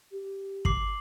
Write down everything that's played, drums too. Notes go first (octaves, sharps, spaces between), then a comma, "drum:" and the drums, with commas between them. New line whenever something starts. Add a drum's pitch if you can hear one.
G4
D6 C7 F#7, drum: kick